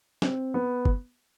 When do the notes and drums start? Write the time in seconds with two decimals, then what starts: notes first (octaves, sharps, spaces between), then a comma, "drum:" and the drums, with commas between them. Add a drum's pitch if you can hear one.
0.22 C4, drum: snare
0.54 B3
0.85 drum: kick G1